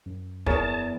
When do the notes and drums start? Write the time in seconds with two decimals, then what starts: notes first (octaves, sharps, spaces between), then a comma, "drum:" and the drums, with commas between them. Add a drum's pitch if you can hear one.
0.06 F#2
0.46 E2 G#4 A#4 C#5 G5 A5, drum: kick